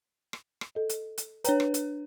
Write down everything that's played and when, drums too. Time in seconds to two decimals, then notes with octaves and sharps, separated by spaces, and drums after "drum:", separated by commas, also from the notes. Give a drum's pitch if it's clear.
0.33 drum: rim click
0.61 drum: rim click
0.75 A4 D#5
0.89 drum: hi-hat
1.18 drum: hi-hat
1.44 D4 B4 C#5 G5 A#5, drum: hi-hat
1.60 drum: rim click
1.74 drum: hi-hat